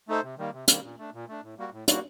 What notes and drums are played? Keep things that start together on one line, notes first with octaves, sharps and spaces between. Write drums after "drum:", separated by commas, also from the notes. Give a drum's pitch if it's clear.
A3 D#4 A4 C5
C3
D#3 G3 A#3
C3
D#3 G3 A#3, drum: hi-hat
A#2
A3 D4
A#2
A3 D4
A2
G3 A#3 F#4
A2
G3 A#3 F#4, drum: hi-hat